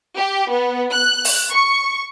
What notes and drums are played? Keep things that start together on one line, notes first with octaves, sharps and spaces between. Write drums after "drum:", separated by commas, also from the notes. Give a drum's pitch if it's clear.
G4
B3
F#6
drum: open hi-hat
C#6